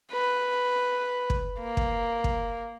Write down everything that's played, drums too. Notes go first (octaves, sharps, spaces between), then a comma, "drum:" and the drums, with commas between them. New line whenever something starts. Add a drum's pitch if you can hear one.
B4
drum: kick
A#3
drum: kick
drum: kick